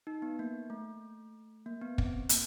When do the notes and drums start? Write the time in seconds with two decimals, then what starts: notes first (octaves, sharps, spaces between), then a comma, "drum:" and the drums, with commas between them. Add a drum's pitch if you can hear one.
0.07 D#4
0.22 B3
0.39 A#3
0.70 A3
1.66 A#3
1.81 B3
1.98 C4, drum: kick
2.29 A#3, drum: hi-hat